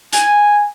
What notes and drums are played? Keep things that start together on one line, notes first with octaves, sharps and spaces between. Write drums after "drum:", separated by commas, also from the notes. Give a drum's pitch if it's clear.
G#5, drum: hi-hat